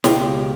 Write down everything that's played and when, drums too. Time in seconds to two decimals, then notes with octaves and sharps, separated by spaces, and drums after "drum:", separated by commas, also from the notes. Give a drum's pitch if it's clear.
0.04 C#2 B2 G#3 F4 G4, drum: snare